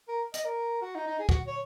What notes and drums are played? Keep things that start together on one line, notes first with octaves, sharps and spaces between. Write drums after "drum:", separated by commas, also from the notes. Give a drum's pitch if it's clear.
A#4
D#5, drum: hi-hat
A#4
F#4
D#4
D#4
G#4
F#4, drum: kick
C#5